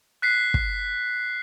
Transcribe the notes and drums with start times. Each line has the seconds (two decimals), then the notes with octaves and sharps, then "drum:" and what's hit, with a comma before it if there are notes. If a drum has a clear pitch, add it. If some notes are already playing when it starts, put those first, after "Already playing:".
0.22 F#6 B6 C7
0.54 drum: kick